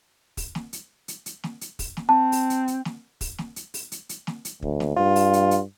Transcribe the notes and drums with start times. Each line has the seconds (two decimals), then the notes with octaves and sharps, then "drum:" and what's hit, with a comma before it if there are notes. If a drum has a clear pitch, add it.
0.37 drum: kick, open hi-hat
0.55 drum: snare
0.73 drum: hi-hat
1.08 drum: hi-hat
1.26 drum: hi-hat
1.44 drum: snare
1.61 drum: hi-hat
1.79 drum: kick, open hi-hat
1.97 drum: snare
2.09 C4 A5
2.32 drum: open hi-hat
2.50 drum: hi-hat
2.68 drum: hi-hat
2.85 drum: snare
3.21 drum: kick, open hi-hat
3.38 drum: snare
3.56 drum: hi-hat
3.74 drum: open hi-hat
3.92 drum: hi-hat
4.09 drum: hi-hat
4.27 drum: snare
4.45 drum: hi-hat
4.62 D2, drum: kick
4.80 drum: snare
4.97 G2 F4
5.16 drum: open hi-hat
5.33 drum: hi-hat
5.51 drum: hi-hat